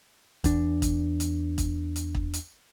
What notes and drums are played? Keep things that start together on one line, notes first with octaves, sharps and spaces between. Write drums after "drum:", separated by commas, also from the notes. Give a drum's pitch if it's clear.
E2 D4, drum: kick, hi-hat
drum: kick, hi-hat
drum: hi-hat
drum: kick, hi-hat
drum: hi-hat
drum: kick
drum: hi-hat